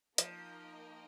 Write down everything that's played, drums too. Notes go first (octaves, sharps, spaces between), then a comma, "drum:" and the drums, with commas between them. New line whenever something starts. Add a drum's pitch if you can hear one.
F3 A#3 D#4 A#4 D#5 G5, drum: hi-hat